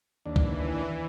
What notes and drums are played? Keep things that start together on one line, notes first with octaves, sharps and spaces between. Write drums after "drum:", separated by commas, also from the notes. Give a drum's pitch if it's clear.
D#2 E3 D4
drum: kick